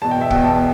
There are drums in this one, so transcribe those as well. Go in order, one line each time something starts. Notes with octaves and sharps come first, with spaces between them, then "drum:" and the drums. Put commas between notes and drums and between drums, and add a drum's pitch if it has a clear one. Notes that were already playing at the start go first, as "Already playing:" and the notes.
E2 B2 A5
G5
E5
E2 B2 G5, drum: kick
A5